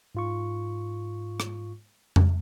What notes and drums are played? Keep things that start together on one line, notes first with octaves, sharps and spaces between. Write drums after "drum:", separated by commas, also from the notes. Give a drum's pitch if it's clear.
G#2 F4 C#6
drum: rim click
drum: tom F2